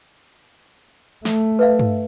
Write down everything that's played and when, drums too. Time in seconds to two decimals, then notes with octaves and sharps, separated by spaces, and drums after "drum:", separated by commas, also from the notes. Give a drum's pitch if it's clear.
1.25 A3, drum: snare
1.59 B4 E5 F5
1.79 drum: tom G2